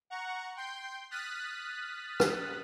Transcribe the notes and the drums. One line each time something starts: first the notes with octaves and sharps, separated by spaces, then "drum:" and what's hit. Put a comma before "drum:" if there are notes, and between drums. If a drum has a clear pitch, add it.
F#5 A#5 C#6
G5 C6 G6
D#6 F6 F#6 A6 B6
drum: rim click